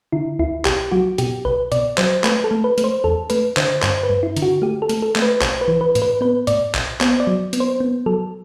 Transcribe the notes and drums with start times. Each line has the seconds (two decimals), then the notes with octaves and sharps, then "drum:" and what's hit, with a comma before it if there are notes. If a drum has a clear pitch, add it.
0.12 D3 E4
0.39 D2 E4
0.65 B1 G4, drum: clap
0.92 F#3 F#4
1.18 B2 G4, drum: hi-hat
1.45 B1 B4
1.72 B2 D5, drum: hi-hat
1.98 F#3 C5, drum: clap
2.24 A3 B4, drum: clap
2.44 A4
2.51 A3
2.64 B4
2.78 A3, drum: hi-hat
2.84 C5
3.04 E2 A4
3.30 A3 B4, drum: hi-hat
3.57 D3 C5, drum: clap
3.82 G2 C5, drum: clap
4.03 B4
4.10 G2
4.23 E4
4.37 D3, drum: hi-hat
4.42 F#4
4.62 A3 G4
4.82 A4
4.89 A3, drum: hi-hat
5.02 A4
5.16 A3, drum: clap
5.22 B4
5.41 B1 C5, drum: clap
5.61 B4
5.68 E3
5.81 B4
5.95 A2, drum: hi-hat
6.02 B4
6.21 B3 B4
6.47 A2 D5, drum: hi-hat
6.75 B1, drum: clap
7.01 B3 C5, drum: clap
7.20 D5
7.27 F#3
7.53 B3, drum: hi-hat
7.60 C5
7.80 B3
8.06 F#3 A4